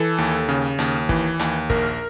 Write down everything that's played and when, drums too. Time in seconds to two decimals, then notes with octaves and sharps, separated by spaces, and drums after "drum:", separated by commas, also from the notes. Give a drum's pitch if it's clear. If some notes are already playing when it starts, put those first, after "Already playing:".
Already playing: E3 A4
0.18 D#2
0.49 C#3
0.78 D#2, drum: hi-hat
1.09 E3, drum: kick
1.39 D#2, drum: hi-hat
1.70 A#1 A#4, drum: kick